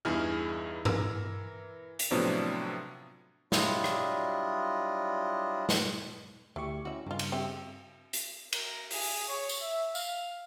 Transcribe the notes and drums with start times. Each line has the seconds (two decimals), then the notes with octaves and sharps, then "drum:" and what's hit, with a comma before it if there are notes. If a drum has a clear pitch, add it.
0.05 E2 G2 D#4 E4 G#4 F6
0.85 E3 A#4 E6, drum: tom G2
1.99 drum: hi-hat
2.11 A2 C3 F3 F#3 B3 D4
3.52 F#3 G3 D4 E4 F4 D#5, drum: snare
3.84 drum: rim click
5.69 drum: snare
6.56 D2 E4 G4 C#6
6.85 C#4 E4 F#4 E5
7.06 G2 C#3 G#3 F4
7.19 drum: cymbal
7.32 C4 G4 E5
8.13 drum: hi-hat
8.53 A#4, drum: cymbal
8.90 G#4, drum: open hi-hat
9.29 C#5
9.49 drum: tambourine
9.61 E5
9.95 F5, drum: tambourine